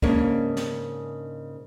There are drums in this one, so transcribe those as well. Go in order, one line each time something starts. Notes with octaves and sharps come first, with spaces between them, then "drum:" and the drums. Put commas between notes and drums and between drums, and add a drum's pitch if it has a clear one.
G#2 C#3 A#3 C#4 D4, drum: kick
drum: snare